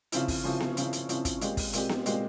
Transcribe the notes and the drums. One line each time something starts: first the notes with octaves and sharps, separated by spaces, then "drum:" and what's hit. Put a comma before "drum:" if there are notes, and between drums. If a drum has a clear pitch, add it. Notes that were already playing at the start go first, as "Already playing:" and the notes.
C#3 F3 C4 E4, drum: hi-hat
drum: kick, open hi-hat
C#3 F3 C4 E4
drum: snare B3
C#3 F3 C4 E4, drum: hi-hat
drum: hi-hat
C#3 F3 C4 E4, drum: hi-hat
drum: kick, hi-hat
A#2 G#3 C4 G4, drum: hi-hat
drum: kick, open hi-hat
A#2 G#3 C4 G4, drum: hi-hat
drum: snare B3
A#2 G#3 C4 G4, drum: hi-hat